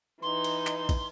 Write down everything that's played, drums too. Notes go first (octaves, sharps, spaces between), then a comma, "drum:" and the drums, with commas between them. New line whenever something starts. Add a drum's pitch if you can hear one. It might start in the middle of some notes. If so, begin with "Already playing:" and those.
E3 D#4 C6
drum: cymbal
drum: clap
drum: kick, cymbal